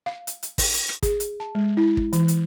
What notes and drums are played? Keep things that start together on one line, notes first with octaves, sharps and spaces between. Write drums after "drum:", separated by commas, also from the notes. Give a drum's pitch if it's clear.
F5
drum: hi-hat
drum: hi-hat
drum: kick, open hi-hat
drum: hi-hat
drum: rim click
G#4, drum: kick, hi-hat
drum: hi-hat
A5
G#3
E4
drum: kick
E3, drum: hi-hat
drum: hi-hat